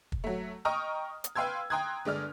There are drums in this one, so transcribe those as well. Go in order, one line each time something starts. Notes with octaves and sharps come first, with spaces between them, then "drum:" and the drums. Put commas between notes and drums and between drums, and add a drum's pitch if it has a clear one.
drum: kick
F#3 A3
D#5 G5 A#5 C#6 D#6 F6
drum: hi-hat
B4 F5 G5 C6 E6 G#6
G5 A#5 C6 D#6 F#6 G#6
G1 G#3 D5 F6